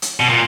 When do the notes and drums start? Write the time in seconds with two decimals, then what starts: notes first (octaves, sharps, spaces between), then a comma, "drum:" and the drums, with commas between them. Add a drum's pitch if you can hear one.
0.02 drum: hi-hat
0.20 B2
0.29 A#2